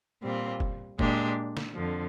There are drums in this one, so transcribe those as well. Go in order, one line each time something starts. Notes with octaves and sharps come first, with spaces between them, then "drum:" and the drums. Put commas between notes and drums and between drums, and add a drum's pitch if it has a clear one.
A#2 G3 C4 F4
drum: kick
A#2 G#3 D4 G4, drum: kick
drum: snare
F2 D3 F3